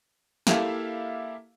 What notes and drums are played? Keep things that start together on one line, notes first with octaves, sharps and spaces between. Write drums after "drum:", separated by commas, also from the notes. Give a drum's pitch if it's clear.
A#3 E4 G4 A4 E5 F5, drum: snare